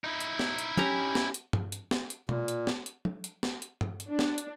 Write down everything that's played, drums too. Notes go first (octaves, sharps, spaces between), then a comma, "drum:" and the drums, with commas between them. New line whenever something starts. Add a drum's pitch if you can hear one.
D#4 E4
drum: hi-hat
drum: snare
drum: hi-hat
C#4 G4 A#5, drum: tom
drum: snare
drum: hi-hat
drum: tom G2
drum: hi-hat
drum: snare
drum: hi-hat
A#2, drum: tom B2
drum: hi-hat
drum: snare
drum: hi-hat
drum: tom
drum: hi-hat
drum: snare
drum: hi-hat
drum: tom G2
drum: hi-hat
D4
drum: snare
drum: hi-hat